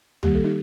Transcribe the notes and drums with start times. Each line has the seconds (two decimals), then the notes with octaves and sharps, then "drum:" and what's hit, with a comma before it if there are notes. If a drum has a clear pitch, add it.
0.23 D#3 G3 A#3 G4, drum: tom
0.35 A4
0.44 D#4 G4